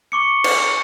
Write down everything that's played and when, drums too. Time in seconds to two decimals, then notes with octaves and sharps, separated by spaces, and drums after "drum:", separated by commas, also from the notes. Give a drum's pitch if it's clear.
0.12 C#6 D6 C#7
0.44 drum: cymbal